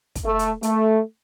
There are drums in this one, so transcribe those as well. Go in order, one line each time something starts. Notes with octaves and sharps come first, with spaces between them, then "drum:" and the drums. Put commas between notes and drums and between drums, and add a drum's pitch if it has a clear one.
drum: kick, hi-hat
A3
drum: hi-hat
A3, drum: hi-hat